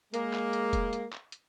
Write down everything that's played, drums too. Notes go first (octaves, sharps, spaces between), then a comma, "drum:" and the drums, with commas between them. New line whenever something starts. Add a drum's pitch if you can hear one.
G#3 A#3, drum: hi-hat
drum: clap
drum: hi-hat
drum: kick, hi-hat
drum: hi-hat
drum: clap
drum: hi-hat